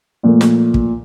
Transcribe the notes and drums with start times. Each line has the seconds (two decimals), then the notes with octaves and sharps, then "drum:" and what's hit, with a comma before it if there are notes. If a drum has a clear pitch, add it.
0.23 A#2 F3 A3
0.41 drum: snare
0.74 drum: kick